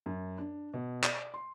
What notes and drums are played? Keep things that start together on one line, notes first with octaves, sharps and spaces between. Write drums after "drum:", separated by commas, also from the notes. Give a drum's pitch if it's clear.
F#2
D4
B2
D5, drum: clap
C6